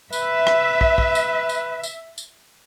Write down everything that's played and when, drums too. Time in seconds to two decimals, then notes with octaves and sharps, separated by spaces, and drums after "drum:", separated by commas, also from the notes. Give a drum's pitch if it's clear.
0.13 B4 E5, drum: tambourine
0.47 drum: rim click
0.81 drum: kick
0.98 drum: kick
1.15 drum: tambourine
1.49 drum: tambourine
1.83 drum: tambourine
2.18 drum: tambourine